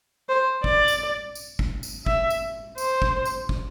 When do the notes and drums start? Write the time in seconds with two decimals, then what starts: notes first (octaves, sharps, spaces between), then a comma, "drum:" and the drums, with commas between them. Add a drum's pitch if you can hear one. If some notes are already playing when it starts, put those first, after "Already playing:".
0.29 C5
0.64 D5, drum: kick
0.88 drum: tambourine
1.35 drum: tambourine
1.59 drum: kick
1.83 drum: tambourine
2.06 E5, drum: kick
2.30 drum: tambourine
2.78 C5, drum: tambourine
3.02 drum: kick
3.25 drum: tambourine
3.49 drum: kick